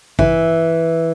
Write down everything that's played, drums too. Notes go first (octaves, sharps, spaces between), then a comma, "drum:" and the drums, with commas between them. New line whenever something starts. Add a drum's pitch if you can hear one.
E3, drum: kick